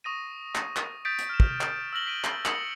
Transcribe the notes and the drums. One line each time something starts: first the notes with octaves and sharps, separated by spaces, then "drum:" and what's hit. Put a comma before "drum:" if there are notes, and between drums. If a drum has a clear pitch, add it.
C#6 D#6 A#6 D#7
drum: clap
drum: clap
D#6 G6 A6 B6 D7
drum: hi-hat
F6 E7
drum: kick
drum: clap
E6 F6 A#6 F#7 G7
B6 D7 D#7
drum: clap
D#6 E6 A#6 C#7 F#7, drum: clap